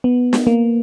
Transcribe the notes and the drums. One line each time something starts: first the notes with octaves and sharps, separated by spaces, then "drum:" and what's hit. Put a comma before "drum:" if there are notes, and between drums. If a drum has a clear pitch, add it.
B3
drum: snare
A#3